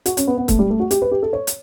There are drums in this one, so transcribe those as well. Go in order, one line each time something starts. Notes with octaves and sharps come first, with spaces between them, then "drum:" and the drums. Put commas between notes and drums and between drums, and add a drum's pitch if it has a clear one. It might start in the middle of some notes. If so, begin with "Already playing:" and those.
F#4, drum: hi-hat
C#4, drum: hi-hat
B3
B3
A3, drum: kick, hi-hat
G3
A3
F#4
G4, drum: hi-hat
B4
G4
A4
C#5
drum: hi-hat